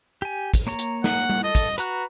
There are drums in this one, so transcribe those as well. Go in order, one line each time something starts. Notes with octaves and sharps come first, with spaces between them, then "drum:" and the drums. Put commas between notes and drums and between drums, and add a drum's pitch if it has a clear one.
G4 G#5
drum: kick, hi-hat
A#3 C#5 A#5
drum: hi-hat
F#5, drum: snare
drum: tom G3
A4 D#5
drum: kick, hi-hat
F#4 B4 A#5 F#6, drum: hi-hat